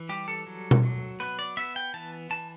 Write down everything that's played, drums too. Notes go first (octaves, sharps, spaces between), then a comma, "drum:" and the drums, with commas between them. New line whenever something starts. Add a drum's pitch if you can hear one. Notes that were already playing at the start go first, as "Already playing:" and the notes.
Already playing: E3
G3 G4
A4
F#3
drum: tom B2
F#3
B3 B4
D5
B3 E5
G5
E3 A5
E3 A5